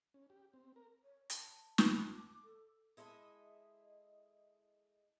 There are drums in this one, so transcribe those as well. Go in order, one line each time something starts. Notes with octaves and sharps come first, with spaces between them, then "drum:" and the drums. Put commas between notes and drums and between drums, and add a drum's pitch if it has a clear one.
C#4
G4
C4
A#4
C#5
A5, drum: hi-hat
D6, drum: snare
A4
G#3 E4 A4 D#5 E5